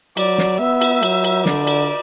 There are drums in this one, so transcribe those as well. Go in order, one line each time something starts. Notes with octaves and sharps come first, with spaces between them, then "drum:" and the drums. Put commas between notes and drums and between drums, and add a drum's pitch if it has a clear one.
F#3 D5, drum: cymbal
drum: snare
B3 E5
drum: cymbal
F#3, drum: cymbal
drum: cymbal
D3 D5, drum: snare
drum: cymbal